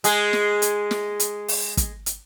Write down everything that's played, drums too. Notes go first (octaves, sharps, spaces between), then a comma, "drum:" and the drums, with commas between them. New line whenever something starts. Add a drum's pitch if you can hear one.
G#3 G#4, drum: hi-hat
drum: snare
drum: hi-hat
drum: snare
drum: hi-hat
drum: open hi-hat
drum: kick, hi-hat
drum: hi-hat